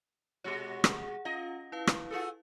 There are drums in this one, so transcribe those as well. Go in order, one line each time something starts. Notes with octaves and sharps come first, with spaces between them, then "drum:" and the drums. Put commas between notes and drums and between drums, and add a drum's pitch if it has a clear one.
B2 G#3 F#4 G4 C#5
G#4, drum: rim click
C#4 F4 D#5 F5
E4 B4 F5
drum: rim click
F4 G#4 A4